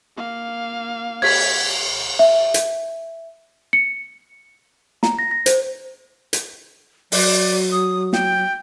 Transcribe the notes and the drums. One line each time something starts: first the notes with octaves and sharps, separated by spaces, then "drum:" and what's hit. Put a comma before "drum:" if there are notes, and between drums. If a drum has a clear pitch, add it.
A#3 F5
G#6 B6, drum: cymbal
E5
drum: hi-hat
C#7
A#5, drum: snare
A#6
A#6
C5, drum: hi-hat
drum: hi-hat
F#3 D5, drum: open hi-hat
D#6
G5, drum: snare